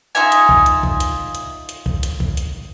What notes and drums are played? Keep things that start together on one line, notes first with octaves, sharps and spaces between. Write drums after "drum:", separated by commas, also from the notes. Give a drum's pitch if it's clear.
D#4 F4 E5 G#5
drum: hi-hat
drum: kick
drum: hi-hat
drum: kick
drum: hi-hat
drum: hi-hat
drum: hi-hat
drum: kick
drum: hi-hat
drum: kick
drum: hi-hat